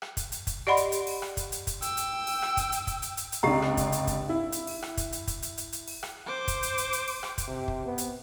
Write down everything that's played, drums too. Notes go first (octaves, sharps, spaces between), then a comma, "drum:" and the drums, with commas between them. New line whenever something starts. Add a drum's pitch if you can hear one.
drum: rim click
drum: kick, hi-hat
drum: hi-hat
drum: kick, hi-hat
G4 D5 D#5 F#5 B5 C6
drum: hi-hat
drum: hi-hat
drum: open hi-hat
drum: rim click
drum: kick, hi-hat
drum: hi-hat
drum: kick, hi-hat
G5 E6, drum: hi-hat
drum: hi-hat
drum: open hi-hat
drum: rim click
drum: kick, hi-hat
drum: hi-hat
drum: kick, hi-hat
drum: hi-hat
drum: hi-hat
drum: hi-hat
C#2 C3 D4 G4 A#5
drum: rim click
drum: kick, hi-hat
drum: hi-hat
drum: kick, hi-hat
E4
drum: hi-hat
drum: open hi-hat
drum: rim click
drum: kick, hi-hat
drum: hi-hat
drum: kick, hi-hat
drum: hi-hat
drum: hi-hat
drum: hi-hat
drum: open hi-hat
drum: rim click
C5 D6
drum: kick, hi-hat
drum: hi-hat
drum: hi-hat
drum: hi-hat
drum: open hi-hat
drum: rim click
drum: kick, hi-hat
C3
drum: kick
B3
drum: hi-hat